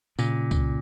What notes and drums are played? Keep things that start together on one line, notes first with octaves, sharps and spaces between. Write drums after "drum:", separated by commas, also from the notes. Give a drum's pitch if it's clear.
A#2 C#3, drum: tambourine
drum: kick C2, tambourine